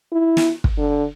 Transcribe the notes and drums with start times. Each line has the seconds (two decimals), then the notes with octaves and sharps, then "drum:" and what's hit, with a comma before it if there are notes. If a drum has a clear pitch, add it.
0.12 E4
0.37 drum: snare
0.64 drum: kick
0.78 D3